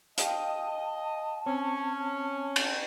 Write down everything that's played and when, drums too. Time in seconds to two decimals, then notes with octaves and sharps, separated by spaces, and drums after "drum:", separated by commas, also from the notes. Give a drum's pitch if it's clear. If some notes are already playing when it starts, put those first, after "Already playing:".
0.18 D#5 F5 G5 A5, drum: hi-hat
1.46 C4 C#4
2.56 drum: cymbal